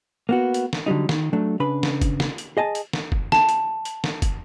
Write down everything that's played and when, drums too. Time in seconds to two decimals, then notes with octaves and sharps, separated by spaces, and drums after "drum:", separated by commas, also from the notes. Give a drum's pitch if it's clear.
0.29 A#3 B3 F#4
0.54 drum: hi-hat
0.73 drum: snare
0.86 D3 F#3 G3 D#4
1.09 D#3, drum: snare
1.33 F#3 A3 D4
1.60 C#3 D4 B4 B5
1.83 drum: snare
2.02 drum: kick, hi-hat
2.20 drum: snare
2.38 drum: hi-hat
2.57 G#4 D#5 G#5 A5
2.75 drum: hi-hat
2.93 drum: snare
3.12 drum: kick
3.32 A5, drum: snare
3.49 drum: hi-hat
3.85 drum: hi-hat
4.04 drum: snare
4.22 drum: kick, hi-hat